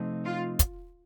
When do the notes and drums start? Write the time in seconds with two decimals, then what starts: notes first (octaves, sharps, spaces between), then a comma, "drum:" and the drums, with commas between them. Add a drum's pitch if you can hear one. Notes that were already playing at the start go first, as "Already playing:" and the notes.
Already playing: C3 F3 A3 C4 D#4
0.24 F4
0.59 drum: kick, hi-hat